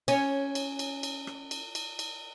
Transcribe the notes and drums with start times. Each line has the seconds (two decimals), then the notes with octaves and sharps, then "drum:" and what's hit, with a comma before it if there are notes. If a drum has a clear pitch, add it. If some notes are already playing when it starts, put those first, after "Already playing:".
0.08 C#4, drum: cymbal
0.55 drum: cymbal
0.79 drum: cymbal
1.03 drum: cymbal
1.27 drum: rim click
1.51 drum: cymbal
1.75 drum: cymbal
1.99 drum: cymbal